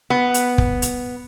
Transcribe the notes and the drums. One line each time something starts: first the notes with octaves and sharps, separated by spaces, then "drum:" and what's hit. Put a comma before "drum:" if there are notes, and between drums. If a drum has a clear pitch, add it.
B3
drum: hi-hat
drum: kick
drum: hi-hat